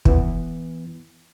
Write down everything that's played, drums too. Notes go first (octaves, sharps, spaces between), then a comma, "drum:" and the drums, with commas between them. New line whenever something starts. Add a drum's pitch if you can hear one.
E3 B3, drum: kick